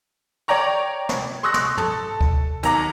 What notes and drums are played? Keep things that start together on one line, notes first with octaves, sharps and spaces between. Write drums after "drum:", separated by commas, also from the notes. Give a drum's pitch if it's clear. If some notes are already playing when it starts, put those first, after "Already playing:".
C#5 D5 G5 A#5 C#6
drum: snare
C6 C#6 D#6 E6 F#6 A#6
drum: snare
A4, drum: tom
drum: kick D2
D#2 F#3 A#5 D6, drum: hi-hat